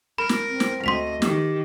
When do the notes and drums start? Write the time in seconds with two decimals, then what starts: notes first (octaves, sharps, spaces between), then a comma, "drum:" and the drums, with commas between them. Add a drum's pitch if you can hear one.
0.18 A#4 B5
0.29 drum: snare
0.49 C4
0.60 drum: snare
0.84 D2 D#5 C6 B6 F7
1.22 D#3 G4, drum: snare